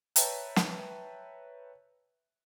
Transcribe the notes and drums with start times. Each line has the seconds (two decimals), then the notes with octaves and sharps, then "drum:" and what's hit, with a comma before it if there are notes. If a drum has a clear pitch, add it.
0.16 B4 C#5 E5 G5 A5 A#5, drum: hi-hat
0.56 drum: snare